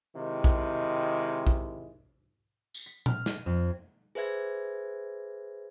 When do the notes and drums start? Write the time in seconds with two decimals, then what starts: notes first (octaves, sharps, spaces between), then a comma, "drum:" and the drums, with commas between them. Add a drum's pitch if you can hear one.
0.16 C3 D#3 G#3 E4
0.44 drum: kick A#1
1.47 drum: kick A#1
2.74 drum: tambourine
2.86 B6
3.06 F6, drum: tom A#2
3.26 D#7, drum: snare
3.46 F2
4.15 G#4 B4 C5 E5 G#6